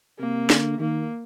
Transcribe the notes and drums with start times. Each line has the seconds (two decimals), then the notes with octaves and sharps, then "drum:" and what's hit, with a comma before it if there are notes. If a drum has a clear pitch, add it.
0.19 C3 A#3
0.50 D3, drum: snare
0.79 D#3 A#3